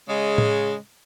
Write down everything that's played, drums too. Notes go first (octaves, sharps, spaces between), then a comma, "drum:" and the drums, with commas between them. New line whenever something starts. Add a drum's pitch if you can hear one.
C#3 G#3
drum: tom A2